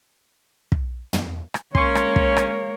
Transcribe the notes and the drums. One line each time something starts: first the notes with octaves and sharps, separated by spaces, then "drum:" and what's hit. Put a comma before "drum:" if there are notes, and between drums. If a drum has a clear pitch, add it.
drum: kick
drum: tom
drum: rim click
G#3 A#3 C#4 C#5 C6 C#6, drum: kick
drum: rim click
drum: kick
drum: rim click